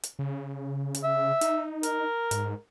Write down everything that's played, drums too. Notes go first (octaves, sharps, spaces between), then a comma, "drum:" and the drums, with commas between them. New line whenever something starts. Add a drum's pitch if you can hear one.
drum: hi-hat
C#3
drum: hi-hat
E5
D#4, drum: hi-hat
A#4, drum: hi-hat
G#2, drum: hi-hat